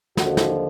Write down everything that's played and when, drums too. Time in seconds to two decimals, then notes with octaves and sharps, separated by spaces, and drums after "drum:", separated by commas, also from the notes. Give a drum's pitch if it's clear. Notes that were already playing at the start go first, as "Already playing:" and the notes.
0.17 D#2 D3 F3 F#4, drum: snare
0.37 drum: snare